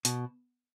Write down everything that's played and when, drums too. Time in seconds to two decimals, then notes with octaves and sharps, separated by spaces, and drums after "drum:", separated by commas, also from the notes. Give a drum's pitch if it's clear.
0.05 B2, drum: hi-hat